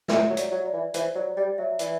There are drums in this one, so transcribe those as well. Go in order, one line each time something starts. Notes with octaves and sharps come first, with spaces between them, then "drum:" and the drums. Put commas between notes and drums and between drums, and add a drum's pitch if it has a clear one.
E3 E5, drum: snare
F#3
D5, drum: hi-hat
F#3
D5
E3
E3 C5, drum: hi-hat
F#3 D5
G3 D5
F#3 E5
E3 D5, drum: hi-hat